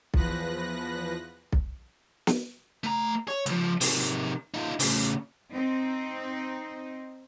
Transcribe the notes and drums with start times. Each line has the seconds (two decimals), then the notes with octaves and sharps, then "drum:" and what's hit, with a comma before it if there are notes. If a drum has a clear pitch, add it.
0.14 E2 F3 B4 F#6 A#6, drum: kick B1
1.52 drum: kick B1
2.27 drum: snare
2.84 A3 A#5
3.28 C#5
3.46 C#2 F3, drum: hi-hat
3.81 C3 D#3, drum: open hi-hat
4.54 D#4 F4
4.79 A2 C#3, drum: open hi-hat
5.53 C4 D#4